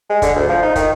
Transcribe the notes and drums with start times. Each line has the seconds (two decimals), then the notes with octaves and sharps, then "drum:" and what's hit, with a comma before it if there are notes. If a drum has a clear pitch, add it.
0.10 G#3
0.22 D3, drum: kick, hi-hat
0.36 D2
0.49 F3
0.62 D#4
0.76 D#3, drum: kick, hi-hat